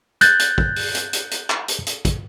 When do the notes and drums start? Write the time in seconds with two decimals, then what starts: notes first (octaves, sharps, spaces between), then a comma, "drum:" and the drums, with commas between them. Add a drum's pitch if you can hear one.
0.21 F#6 G6 A6, drum: hi-hat
0.39 drum: hi-hat
0.58 drum: kick
0.76 drum: open hi-hat
0.95 drum: hi-hat
1.13 drum: hi-hat
1.31 drum: hi-hat
1.50 drum: clap
1.68 drum: hi-hat
1.87 drum: hi-hat
2.05 drum: kick, hi-hat